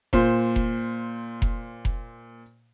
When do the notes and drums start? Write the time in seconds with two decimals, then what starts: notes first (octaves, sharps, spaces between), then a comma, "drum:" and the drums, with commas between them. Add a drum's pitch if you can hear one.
0.13 A#2 C5, drum: kick F1
0.56 drum: kick F1
1.42 drum: kick F1
1.85 drum: kick F1